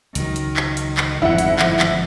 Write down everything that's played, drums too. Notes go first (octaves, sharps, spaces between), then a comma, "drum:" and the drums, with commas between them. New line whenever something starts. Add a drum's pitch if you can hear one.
C#2 D#3 F#3, drum: hi-hat
drum: hi-hat
drum: clap
drum: hi-hat
drum: clap
G1 F2 G#2 D#3 F3 E4 F#5
drum: hi-hat
drum: clap
drum: clap